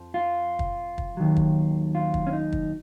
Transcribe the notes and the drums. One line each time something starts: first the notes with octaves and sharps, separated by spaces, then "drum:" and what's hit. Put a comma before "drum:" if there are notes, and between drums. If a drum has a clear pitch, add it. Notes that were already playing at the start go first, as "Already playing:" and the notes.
Already playing: F2 F3
F4
drum: kick
drum: kick
D#2 D#3 F#3
drum: kick
F4
drum: kick
C#4
D#4
drum: kick